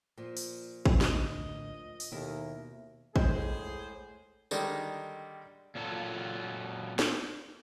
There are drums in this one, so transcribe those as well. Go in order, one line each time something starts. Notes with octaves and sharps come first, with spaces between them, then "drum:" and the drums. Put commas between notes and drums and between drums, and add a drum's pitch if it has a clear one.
A#2 F3
drum: open hi-hat
drum: kick
D2 A2 D3 D#5, drum: snare
drum: open hi-hat
D#2 B2 E4 A4 A#4
A2 G#3 G#4 C5, drum: kick
D3 D#3 G3 G#3, drum: tambourine
A#2 F#3 F4 A4
drum: snare